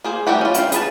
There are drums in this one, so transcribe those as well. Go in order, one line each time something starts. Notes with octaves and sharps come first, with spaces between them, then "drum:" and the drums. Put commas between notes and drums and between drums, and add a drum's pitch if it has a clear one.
A#3 G#4 C5
G3 A3 D#4 G4 F#5
C#4 F4
E4 G4 F5, drum: hi-hat
G#4 B4 A5, drum: hi-hat